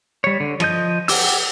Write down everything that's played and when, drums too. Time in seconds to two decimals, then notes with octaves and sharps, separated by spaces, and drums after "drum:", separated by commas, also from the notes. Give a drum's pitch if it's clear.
0.24 G3 C#5
0.40 D3
0.60 F3 D#5 G6, drum: rim click
1.08 F#5 G5 D6 E6, drum: open hi-hat